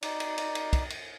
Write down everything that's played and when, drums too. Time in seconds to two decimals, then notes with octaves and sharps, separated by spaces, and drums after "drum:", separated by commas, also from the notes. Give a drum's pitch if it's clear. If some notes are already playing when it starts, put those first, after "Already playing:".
0.02 D#4 D5, drum: cymbal
0.20 drum: cymbal
0.38 drum: cymbal
0.55 drum: cymbal
0.73 drum: kick, cymbal
0.90 drum: cymbal